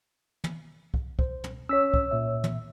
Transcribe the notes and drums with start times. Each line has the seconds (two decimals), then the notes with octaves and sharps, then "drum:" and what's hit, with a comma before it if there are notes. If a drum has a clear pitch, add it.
0.44 drum: tom
0.94 drum: kick C2
1.19 C5, drum: kick C2
1.44 drum: tom
1.69 C#4 C#5 E6 B6
1.94 drum: kick C2
2.11 A#2 E5
2.44 drum: tom